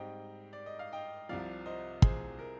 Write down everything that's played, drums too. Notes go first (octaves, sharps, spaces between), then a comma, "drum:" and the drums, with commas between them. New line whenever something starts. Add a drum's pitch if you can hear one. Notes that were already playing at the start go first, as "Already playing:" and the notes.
Already playing: G#2 G3 C4 D#4 D#5 G5
D5
D#5
F5
D#5 G5
C2 C3 F3 D5 F5
C5 D#5
G#4 C5, drum: kick
A#4